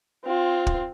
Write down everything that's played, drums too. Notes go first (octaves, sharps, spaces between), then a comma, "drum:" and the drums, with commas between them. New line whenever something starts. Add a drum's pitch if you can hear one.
C4 F4
drum: kick